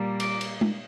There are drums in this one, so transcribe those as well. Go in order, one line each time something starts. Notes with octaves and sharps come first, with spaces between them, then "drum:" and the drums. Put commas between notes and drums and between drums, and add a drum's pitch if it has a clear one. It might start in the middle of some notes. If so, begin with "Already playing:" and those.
Already playing: A#2 G3 A#3
D6, drum: cymbal
drum: cymbal
drum: tom G#3